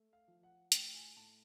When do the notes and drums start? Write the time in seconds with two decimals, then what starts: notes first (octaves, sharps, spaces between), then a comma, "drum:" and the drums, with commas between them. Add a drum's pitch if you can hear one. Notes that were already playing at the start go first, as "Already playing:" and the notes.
Already playing: A3
0.13 F5
0.28 F3
0.43 F#5
0.72 A2 G5, drum: hi-hat
0.86 G5
0.95 G#5
1.16 A2 A5